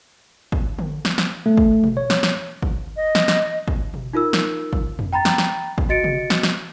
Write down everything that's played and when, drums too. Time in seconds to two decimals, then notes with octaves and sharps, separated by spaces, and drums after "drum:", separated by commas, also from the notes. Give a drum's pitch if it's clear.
0.52 drum: kick
0.79 drum: tom D3
1.05 drum: snare
1.18 drum: snare
1.46 A3
1.57 drum: kick
1.84 drum: tom B2
1.97 C#5
2.10 drum: snare
2.23 drum: snare
2.62 drum: kick
2.97 D#5
3.15 drum: snare
3.28 drum: snare
3.68 drum: kick
3.94 drum: tom B2
4.13 D#4 F4 A#4 E6
4.33 drum: snare
4.73 drum: kick
4.99 drum: tom F2
5.13 G5 A#5 B5 A6
5.25 drum: snare
5.38 drum: snare
5.78 drum: kick
5.89 F#4 D#5 A6 C#7 D7
6.04 drum: tom C3
6.30 drum: snare
6.43 drum: snare